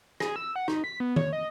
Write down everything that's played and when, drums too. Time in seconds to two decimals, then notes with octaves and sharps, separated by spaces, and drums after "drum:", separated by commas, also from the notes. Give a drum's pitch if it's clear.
0.20 G#4, drum: rim click
0.36 E6
0.56 F#5
0.68 D#4, drum: rim click
0.84 B6
1.00 B3
1.16 C#5, drum: tom D#3
1.33 D#5